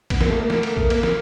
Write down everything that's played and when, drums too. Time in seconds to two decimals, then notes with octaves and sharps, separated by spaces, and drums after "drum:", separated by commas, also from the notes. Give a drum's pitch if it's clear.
0.10 B3, drum: kick A1, cymbal
0.21 A#3, drum: snare
0.30 A3
0.40 A#3
0.50 drum: snare
0.63 drum: cymbal
0.77 drum: kick A1
0.90 A#3, drum: cymbal
1.03 drum: snare